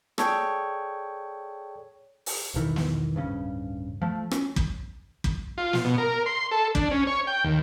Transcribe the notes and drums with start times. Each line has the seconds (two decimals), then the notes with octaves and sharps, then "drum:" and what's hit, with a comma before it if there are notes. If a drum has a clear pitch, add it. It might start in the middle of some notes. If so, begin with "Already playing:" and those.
0.18 G#4 A4 C#5 D5 G5, drum: rim click
2.26 drum: open hi-hat
2.54 E1 B1 D#3 E3
2.76 drum: snare
3.15 D1 G2 C#3 C#4
4.02 F3 A3
4.31 C#4, drum: rim click
4.56 drum: kick
5.24 drum: kick
5.58 F4
5.73 drum: snare
5.84 B2
5.98 A#4
6.26 C6
6.51 A4
6.75 D4, drum: kick
6.91 C#4
7.07 C#5
7.27 G5
7.44 D#2